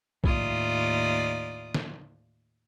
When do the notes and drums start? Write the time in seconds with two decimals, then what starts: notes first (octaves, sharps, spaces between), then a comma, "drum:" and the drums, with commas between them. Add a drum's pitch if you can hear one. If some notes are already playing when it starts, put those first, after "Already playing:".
0.24 D#2 A2 F4 D5 D#6, drum: kick C2
1.74 drum: snare